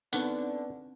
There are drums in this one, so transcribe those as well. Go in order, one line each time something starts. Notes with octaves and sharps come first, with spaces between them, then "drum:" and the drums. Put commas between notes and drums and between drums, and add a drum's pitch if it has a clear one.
D3 B3 C4 D4 D#4 F#5, drum: tambourine